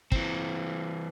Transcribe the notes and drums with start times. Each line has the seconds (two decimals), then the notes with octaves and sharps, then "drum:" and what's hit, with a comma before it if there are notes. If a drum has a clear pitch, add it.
0.12 E3 C4, drum: kick